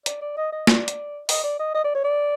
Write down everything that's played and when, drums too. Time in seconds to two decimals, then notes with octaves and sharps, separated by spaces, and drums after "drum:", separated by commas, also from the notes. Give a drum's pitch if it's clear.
0.06 D5, drum: hi-hat
0.21 D5
0.37 D#5
0.52 D#5
0.67 D5, drum: snare
0.88 drum: hi-hat
1.29 D#5, drum: open hi-hat
1.43 D5
1.59 D#5
1.74 D#5
1.84 D5
1.95 C#5
2.04 D5